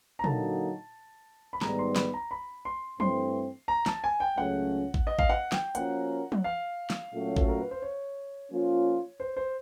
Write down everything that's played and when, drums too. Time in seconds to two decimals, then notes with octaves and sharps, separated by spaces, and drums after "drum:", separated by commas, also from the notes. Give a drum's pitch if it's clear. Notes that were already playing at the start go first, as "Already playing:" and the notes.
0.19 A#5
0.24 D3 F#3 A#3 D#4 F#4 A5, drum: tom
1.53 B5
1.61 G#2 D#3 G3 B3 A#5, drum: snare
1.79 C6
1.96 B5, drum: snare
2.14 A#5
2.31 B5
2.65 C6
3.00 G2 E3 A3 C4 C6, drum: tom
3.68 A#5
3.86 A5, drum: snare
4.04 G#5
4.20 G5
4.37 C#2 C#3 F#3 A3 C#4 F#5
4.94 drum: kick A1
5.07 D#5
5.19 F5, drum: kick A1
5.29 F#5
5.52 G5, drum: snare
5.75 F3 A#3 C#4 F#4 A#4 F#5, drum: hi-hat
6.32 drum: tom
6.44 F5
6.90 drum: snare
7.13 A#2 F#3 A3 C#4 F#4
7.36 A4, drum: kick A1
7.48 A#4
7.59 B4
7.71 C5
7.82 C#5
8.51 F3 A#3 C#4 F4
9.20 C5
9.37 C5